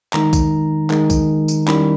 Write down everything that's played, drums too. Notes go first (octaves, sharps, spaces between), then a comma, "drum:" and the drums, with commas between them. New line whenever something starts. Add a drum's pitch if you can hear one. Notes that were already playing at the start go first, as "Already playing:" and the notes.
D#3 G#3 D#4 A#5, drum: clap
drum: kick B1, tambourine
D#3 G#3 D#4, drum: clap
drum: kick B1, tambourine
drum: tambourine
D#3 G3 C#4 E4 B5, drum: clap